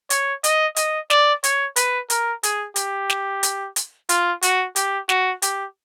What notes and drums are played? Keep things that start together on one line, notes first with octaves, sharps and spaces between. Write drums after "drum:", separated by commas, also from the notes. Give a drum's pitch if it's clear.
C#5, drum: hi-hat
D#5, drum: hi-hat
D#5, drum: hi-hat
D5, drum: snare
C#5, drum: hi-hat
B4, drum: hi-hat
A#4, drum: hi-hat
G#4, drum: hi-hat
G4, drum: hi-hat
drum: snare
drum: hi-hat
drum: hi-hat
F4, drum: hi-hat
F#4, drum: hi-hat
G4, drum: hi-hat
F#4, drum: snare
G4, drum: hi-hat